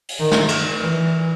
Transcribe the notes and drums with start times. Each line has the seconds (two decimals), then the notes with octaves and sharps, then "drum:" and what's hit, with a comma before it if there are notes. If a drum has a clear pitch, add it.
0.08 drum: open hi-hat
0.19 D#3
0.31 drum: snare
0.48 drum: cymbal
0.77 E3